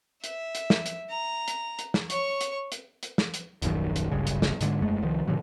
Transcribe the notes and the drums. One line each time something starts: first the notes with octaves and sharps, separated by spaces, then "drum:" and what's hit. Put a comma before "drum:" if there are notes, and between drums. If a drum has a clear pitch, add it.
E5, drum: hi-hat
drum: hi-hat
drum: snare
drum: hi-hat
A#5
drum: hi-hat
drum: hi-hat
drum: snare
C#5 C#6, drum: hi-hat
drum: hi-hat
drum: hi-hat
drum: hi-hat
drum: snare
drum: hi-hat
D#1 A#1 F#2 D#3, drum: hi-hat
drum: hi-hat
D1 G#1 G2 C#3
drum: hi-hat
drum: snare
G#2 D3 G#3, drum: hi-hat
E1 F#2 G#3 A3
C2 D#3 F3
A2 C3 D#3 F#3